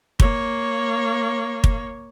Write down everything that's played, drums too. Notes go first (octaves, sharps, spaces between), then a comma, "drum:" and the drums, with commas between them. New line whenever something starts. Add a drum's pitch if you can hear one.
A#3 C#5, drum: kick
drum: kick